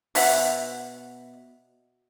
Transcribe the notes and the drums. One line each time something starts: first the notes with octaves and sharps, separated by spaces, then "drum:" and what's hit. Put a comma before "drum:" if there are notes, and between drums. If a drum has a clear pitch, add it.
B2 E5 F#5, drum: open hi-hat